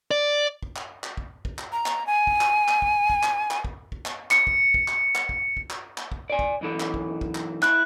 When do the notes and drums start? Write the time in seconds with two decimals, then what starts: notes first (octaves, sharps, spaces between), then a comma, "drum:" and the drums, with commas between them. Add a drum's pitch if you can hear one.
0.11 D5
0.63 drum: kick
0.76 drum: clap
1.04 drum: clap
1.17 drum: kick
1.45 drum: kick
1.59 drum: clap
1.72 A#5
1.86 drum: clap
2.07 G#5
2.27 drum: kick
2.41 drum: clap
2.68 drum: clap
2.82 drum: kick
3.10 drum: kick
3.23 drum: clap
3.51 drum: clap
3.64 drum: kick
3.92 drum: kick
4.06 drum: clap
4.31 C#7, drum: clap
4.47 drum: kick
4.74 drum: kick
4.88 drum: clap
5.15 drum: clap
5.29 drum: kick
5.57 drum: kick
5.70 drum: clap
5.98 drum: clap
6.12 drum: kick
6.30 D5 G#5
6.39 drum: kick
6.61 B1 E3 A4
6.80 drum: clap
6.94 drum: kick
7.21 drum: kick
7.35 drum: clap
7.63 E4 F#6, drum: clap